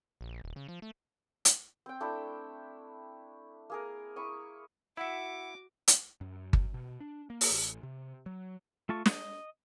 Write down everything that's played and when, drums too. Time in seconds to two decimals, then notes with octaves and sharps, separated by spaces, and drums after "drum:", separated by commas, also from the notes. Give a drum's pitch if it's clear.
0.21 A#1
0.44 D#1
0.56 C#3
0.68 F3
0.82 A3
1.45 drum: hi-hat
1.86 C4 G5
2.00 A3 D4 E4
3.70 A#3 G#4 A#4
4.16 E4 C#6 D#6
4.97 E4 F#4 E5 F#5 D6
5.88 drum: hi-hat
6.21 F#2
6.53 drum: kick G1
6.74 B2
7.00 D4
7.30 A#3
7.41 drum: open hi-hat
7.51 A1
7.83 C3
8.26 F#3
8.89 A3 F4 A5 C#6
9.06 D#5, drum: snare